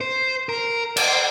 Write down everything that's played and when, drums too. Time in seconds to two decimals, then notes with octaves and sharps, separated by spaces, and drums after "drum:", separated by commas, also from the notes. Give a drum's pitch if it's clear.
0.01 C5
0.49 A#4
0.97 D5, drum: cymbal
1.08 C5